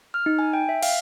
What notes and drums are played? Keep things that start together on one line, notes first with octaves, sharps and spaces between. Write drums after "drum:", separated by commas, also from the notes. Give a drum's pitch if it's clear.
F6
D#4
G#5
G5
E5
F5, drum: cymbal